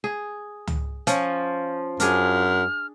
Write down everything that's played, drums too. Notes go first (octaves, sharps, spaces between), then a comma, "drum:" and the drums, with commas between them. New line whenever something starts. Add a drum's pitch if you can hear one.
G#4
drum: tom C#2
F3 C#4, drum: hi-hat
F#2 D4 G#4 F6, drum: hi-hat